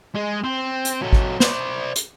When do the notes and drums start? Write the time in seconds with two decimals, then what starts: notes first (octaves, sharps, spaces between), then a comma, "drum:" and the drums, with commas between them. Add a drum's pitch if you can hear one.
0.15 G#3
0.44 C4
0.85 drum: hi-hat
1.02 F#3 A4
1.13 drum: kick G#1
1.40 C5 D5, drum: snare
1.96 drum: hi-hat